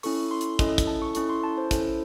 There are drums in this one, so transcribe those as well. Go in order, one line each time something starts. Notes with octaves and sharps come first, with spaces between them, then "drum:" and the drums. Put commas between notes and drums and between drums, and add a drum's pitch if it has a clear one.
C#4 E4 A4 C#6, drum: open hi-hat
C6
drum: hi-hat
C#4 E4 A4 D#5, drum: kick, hi-hat
drum: kick, hi-hat
A5
C#6
C#4 E4 A4 C#6, drum: hi-hat
C6
A5
C5
C#4 E4 A4, drum: kick, hi-hat